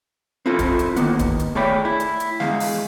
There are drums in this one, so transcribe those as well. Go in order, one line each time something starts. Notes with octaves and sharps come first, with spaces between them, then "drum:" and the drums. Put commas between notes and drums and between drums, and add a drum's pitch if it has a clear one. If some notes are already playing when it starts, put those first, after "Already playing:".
C4 E4 F4 A4 C5
drum: kick, hi-hat
drum: hi-hat
D#3 A#3 B3, drum: hi-hat
drum: kick, hi-hat
drum: hi-hat
A3 G#4 C#5 D5 G5 B5
E4
drum: hi-hat
drum: hi-hat
E2 G#3 F5, drum: snare
drum: open hi-hat